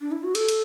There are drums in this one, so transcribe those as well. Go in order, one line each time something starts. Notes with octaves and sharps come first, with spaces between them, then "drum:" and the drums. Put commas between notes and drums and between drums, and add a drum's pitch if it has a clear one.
D4
E4
F#4
A4, drum: cymbal
drum: cymbal